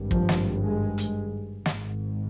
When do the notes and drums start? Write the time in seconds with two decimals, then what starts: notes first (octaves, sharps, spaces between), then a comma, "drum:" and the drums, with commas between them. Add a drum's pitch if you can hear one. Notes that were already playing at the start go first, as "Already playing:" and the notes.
Already playing: G#1 G2
0.11 F3, drum: kick
0.29 drum: snare
0.63 G#3
0.98 drum: hi-hat
1.66 G#1 G#2, drum: snare